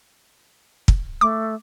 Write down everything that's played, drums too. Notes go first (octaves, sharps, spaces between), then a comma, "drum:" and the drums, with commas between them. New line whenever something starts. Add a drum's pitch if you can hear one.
drum: kick
A3 D6